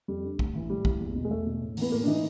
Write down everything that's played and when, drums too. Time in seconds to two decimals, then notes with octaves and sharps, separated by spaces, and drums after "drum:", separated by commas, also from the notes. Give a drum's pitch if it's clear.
0.08 F2 G3
0.24 D3
0.39 A2, drum: kick
0.55 E3
0.70 A2 G3
0.85 E3, drum: kick
1.00 E2
1.15 B2
1.24 G#3
1.31 E2 A3
1.46 B2
1.61 A2
1.77 E3 B3, drum: open hi-hat
1.92 A2 A#3
2.03 D4
2.07 E3 D#4